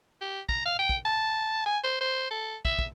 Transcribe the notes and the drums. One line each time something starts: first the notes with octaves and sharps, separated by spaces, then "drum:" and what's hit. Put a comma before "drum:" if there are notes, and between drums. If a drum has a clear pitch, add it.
G4
A#5, drum: kick
F5
G5
drum: kick
A5
G#5
C5
C5
A4
E5, drum: kick
drum: kick